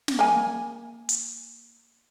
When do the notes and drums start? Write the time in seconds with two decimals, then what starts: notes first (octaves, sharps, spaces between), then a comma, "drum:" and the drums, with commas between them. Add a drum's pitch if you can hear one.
0.08 drum: snare
0.19 A#3 G#5
1.09 drum: hi-hat